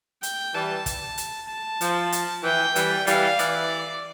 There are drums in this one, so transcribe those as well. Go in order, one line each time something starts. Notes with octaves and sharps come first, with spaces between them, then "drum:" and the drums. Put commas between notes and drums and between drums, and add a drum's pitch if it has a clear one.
G5, drum: hi-hat
E3 G3 A5
drum: kick, hi-hat
drum: hi-hat
A5
F3, drum: hi-hat
drum: hi-hat
E3 G5
E3 G3, drum: hi-hat
E3 G3 F5, drum: hi-hat
E3 D5, drum: hi-hat